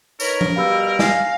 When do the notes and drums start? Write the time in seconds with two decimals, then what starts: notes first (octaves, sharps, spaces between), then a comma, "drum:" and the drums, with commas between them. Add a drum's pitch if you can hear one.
0.20 D#4 A#4 B4 C#5, drum: tambourine
0.41 drum: tom F3
0.56 B2 G3 F5 B5 E6
0.99 F5 G#5 A#6, drum: snare